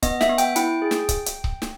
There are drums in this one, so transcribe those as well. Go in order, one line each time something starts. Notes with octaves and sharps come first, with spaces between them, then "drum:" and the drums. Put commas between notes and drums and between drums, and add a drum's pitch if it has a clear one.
B3 D#5, drum: kick C#1, hi-hat
E5, drum: snare
B3
G5, drum: hi-hat
E4 G5, drum: hi-hat
G#4
drum: snare
drum: kick C#1, hi-hat
drum: hi-hat
drum: kick C#1
drum: snare